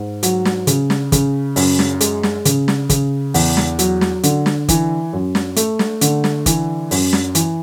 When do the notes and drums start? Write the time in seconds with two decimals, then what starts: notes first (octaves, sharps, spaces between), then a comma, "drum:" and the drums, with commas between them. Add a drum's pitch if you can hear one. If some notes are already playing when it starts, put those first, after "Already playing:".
Already playing: G#2
0.23 F#3, drum: hi-hat
0.45 drum: snare
0.67 C#3, drum: hi-hat
0.90 drum: snare
1.12 C#3, drum: kick, hi-hat
1.56 F#2, drum: open hi-hat
1.79 drum: snare
2.01 G#3, drum: hi-hat
2.23 drum: snare
2.45 C#3, drum: hi-hat
2.68 drum: snare
2.89 C#3, drum: kick, hi-hat
3.34 E2, drum: open hi-hat
3.57 drum: snare
3.79 F#3, drum: hi-hat
4.01 drum: snare
4.23 D3, drum: hi-hat
4.46 drum: snare
4.69 E3, drum: kick, hi-hat
5.13 F#2
5.35 drum: snare
5.56 A3, drum: hi-hat
5.79 drum: snare
6.01 D3, drum: hi-hat
6.24 drum: snare
6.46 E3, drum: kick, hi-hat
6.91 F#2, drum: open hi-hat
7.13 drum: snare
7.35 E3, drum: hi-hat